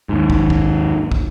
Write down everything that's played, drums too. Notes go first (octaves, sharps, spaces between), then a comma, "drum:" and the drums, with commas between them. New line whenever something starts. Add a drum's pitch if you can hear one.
D#2 G#2
drum: kick
drum: kick
drum: kick